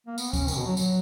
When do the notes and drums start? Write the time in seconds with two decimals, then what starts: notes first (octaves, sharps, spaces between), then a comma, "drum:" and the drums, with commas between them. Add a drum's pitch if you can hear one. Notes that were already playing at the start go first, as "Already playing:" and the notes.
0.07 A#3
0.18 B3, drum: tambourine
0.33 C#4, drum: kick D2, tambourine
0.48 D#3, drum: tambourine
0.57 B2
0.66 F#3
0.77 F#3, drum: tambourine